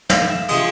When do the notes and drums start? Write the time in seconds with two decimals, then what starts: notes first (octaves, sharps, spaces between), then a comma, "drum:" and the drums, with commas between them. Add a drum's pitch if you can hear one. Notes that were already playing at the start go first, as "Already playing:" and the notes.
0.10 F5, drum: snare
0.30 E5
0.49 C3 F3 G#3 D#5, drum: cymbal